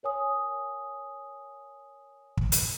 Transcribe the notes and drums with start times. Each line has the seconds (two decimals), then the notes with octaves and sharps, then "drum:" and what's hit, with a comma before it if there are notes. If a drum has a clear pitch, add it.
0.03 A#4 C#5 G#5 D#6
2.37 drum: kick
2.52 drum: hi-hat